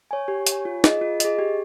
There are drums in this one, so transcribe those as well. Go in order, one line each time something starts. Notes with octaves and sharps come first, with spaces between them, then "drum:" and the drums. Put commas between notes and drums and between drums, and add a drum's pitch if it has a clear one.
C#5 G#5
G4
C#5, drum: hi-hat
G#5
F4
G#4 D#5, drum: snare
F4
G#4 D#5, drum: hi-hat
G4